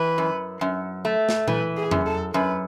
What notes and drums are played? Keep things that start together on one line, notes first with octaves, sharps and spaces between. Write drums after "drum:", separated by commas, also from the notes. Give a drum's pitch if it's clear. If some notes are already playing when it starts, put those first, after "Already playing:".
Already playing: E3 B4
F#2
F#2
A3
drum: snare
E3 B4, drum: tom A#2
G#4
F#2, drum: tom E2
A4
F#2 B4